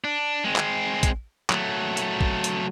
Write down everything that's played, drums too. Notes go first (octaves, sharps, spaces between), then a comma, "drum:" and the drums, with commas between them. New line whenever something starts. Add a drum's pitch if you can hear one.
D4
G#3 C4
drum: clap
drum: kick, hi-hat
F#3 A3, drum: clap
drum: hi-hat
drum: kick
drum: hi-hat